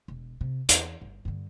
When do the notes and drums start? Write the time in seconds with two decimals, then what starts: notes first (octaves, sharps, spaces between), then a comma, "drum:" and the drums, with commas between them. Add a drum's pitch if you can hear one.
0.08 E1
0.41 C3
0.69 E2, drum: hi-hat
1.01 G1
1.25 G2 D3